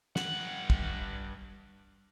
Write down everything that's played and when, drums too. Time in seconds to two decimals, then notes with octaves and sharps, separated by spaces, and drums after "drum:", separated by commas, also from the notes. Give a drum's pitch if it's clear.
0.16 G2 F#5, drum: snare
0.70 drum: kick